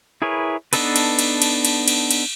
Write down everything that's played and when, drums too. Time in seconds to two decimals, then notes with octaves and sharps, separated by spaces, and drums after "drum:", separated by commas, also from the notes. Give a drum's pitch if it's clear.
0.22 E4 G#4 A#4 B4 C#5
0.73 B3 D4 D#4 A4 B4, drum: cymbal
0.96 drum: cymbal
1.19 drum: cymbal
1.42 drum: cymbal
1.65 drum: cymbal
1.88 drum: cymbal
2.11 drum: cymbal